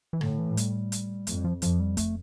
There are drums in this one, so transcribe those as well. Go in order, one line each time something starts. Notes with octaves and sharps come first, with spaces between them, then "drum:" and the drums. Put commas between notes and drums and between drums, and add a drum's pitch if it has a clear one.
E3
A2 D3, drum: rim click
E3
G3, drum: hi-hat
drum: hi-hat
F2 A3, drum: hi-hat
G3
F3
F2 F3, drum: hi-hat
G3
A3, drum: kick, hi-hat